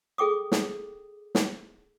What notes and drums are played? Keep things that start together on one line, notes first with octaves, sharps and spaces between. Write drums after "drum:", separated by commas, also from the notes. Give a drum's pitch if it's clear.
G#4 A4 G5 D6 D#6
drum: snare
drum: snare